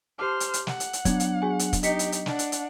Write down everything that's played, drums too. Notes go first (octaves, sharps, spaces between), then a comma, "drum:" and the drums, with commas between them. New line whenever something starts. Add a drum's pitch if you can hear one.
G4 C5 A5 D6 F6
drum: hi-hat
drum: hi-hat
F#5, drum: snare
drum: hi-hat
drum: hi-hat
F#3 B3 D4 G#6, drum: kick, hi-hat
drum: hi-hat
F#4 G#4 G#5
drum: hi-hat
drum: kick, hi-hat
D#4 G4 D#5 B6 C#7, drum: hi-hat
drum: hi-hat
drum: hi-hat
D4 F#5, drum: snare
drum: hi-hat
drum: hi-hat